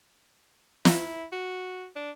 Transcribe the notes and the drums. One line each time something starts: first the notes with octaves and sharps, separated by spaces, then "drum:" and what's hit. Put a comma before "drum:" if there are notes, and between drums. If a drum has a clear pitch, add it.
E4, drum: snare
F#4
D4